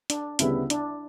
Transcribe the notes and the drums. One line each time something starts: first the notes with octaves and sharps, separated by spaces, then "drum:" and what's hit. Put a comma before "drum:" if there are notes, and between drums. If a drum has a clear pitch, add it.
D4, drum: hi-hat
D2 C#3 G3 B3 E4, drum: hi-hat
D4, drum: hi-hat